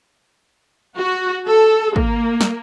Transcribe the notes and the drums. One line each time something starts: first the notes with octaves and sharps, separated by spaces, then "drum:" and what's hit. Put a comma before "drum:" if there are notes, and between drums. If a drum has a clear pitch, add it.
F#4
A4
A#3, drum: kick
drum: snare